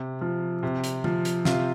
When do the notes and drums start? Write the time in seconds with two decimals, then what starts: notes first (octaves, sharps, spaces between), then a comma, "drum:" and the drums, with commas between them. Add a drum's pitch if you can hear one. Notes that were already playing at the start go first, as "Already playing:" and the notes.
Already playing: C3
0.21 F3
0.63 C3
0.84 drum: hi-hat
1.04 F3, drum: tom D3
1.25 drum: hi-hat
1.45 C3 F4, drum: snare